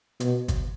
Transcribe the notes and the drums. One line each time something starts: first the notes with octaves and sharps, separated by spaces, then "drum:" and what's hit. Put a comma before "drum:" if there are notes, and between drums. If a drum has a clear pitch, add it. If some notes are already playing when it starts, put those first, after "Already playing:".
B2, drum: hi-hat
drum: kick, hi-hat